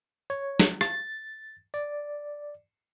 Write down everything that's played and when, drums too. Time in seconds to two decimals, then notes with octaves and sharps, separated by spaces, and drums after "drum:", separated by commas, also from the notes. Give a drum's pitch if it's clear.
0.30 C#5
0.60 drum: snare
0.81 A6, drum: rim click
1.74 D5